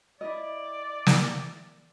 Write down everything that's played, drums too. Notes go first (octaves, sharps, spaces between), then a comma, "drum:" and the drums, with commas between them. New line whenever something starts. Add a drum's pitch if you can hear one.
E4 D5 D#5
drum: snare